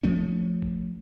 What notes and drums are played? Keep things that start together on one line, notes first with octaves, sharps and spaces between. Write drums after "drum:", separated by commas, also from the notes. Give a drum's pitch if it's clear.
F3 A3 C#4, drum: kick
drum: kick